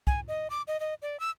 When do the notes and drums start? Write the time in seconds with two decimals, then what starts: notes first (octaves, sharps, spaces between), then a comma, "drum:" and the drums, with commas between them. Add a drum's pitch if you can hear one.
0.07 G#5, drum: kick
0.28 D#5
0.50 D6
0.68 D#5
0.80 D#5
1.02 D5
1.20 E6